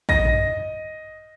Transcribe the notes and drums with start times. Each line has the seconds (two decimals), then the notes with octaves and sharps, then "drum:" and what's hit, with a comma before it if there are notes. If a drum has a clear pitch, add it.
0.09 D#5 A#6, drum: kick A#1
0.25 drum: tom F#2